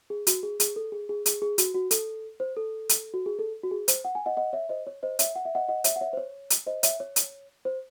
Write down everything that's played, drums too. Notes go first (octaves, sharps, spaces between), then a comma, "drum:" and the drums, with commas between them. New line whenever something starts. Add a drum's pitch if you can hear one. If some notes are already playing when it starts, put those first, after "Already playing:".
G#4
F#4, drum: hi-hat
G#4
G#4, drum: hi-hat
A4
G#4
G#4
G#4, drum: hi-hat
G#4
F#4, drum: hi-hat
F#4
A4, drum: hi-hat
C5
A4
drum: hi-hat
F#4
G#4
A4
F#4
G#4
C5, drum: hi-hat
F#5
G#5
D#5 F#5
D#5 F#5
C#5 E5
C5 D#5
C#5
C5 D#5
C#5 E5, drum: hi-hat
F#5
E5
D#5 F#5
D#5 F#5
C#5 E5, drum: hi-hat
F#5
C#5 E5
C5
C#5
drum: hi-hat
C5 D#5
C#5 E5, drum: hi-hat
C#5
drum: hi-hat
C5